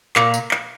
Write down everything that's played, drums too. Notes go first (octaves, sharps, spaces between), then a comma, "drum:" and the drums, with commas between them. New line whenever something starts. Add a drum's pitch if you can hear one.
A#2, drum: clap
drum: tambourine
drum: clap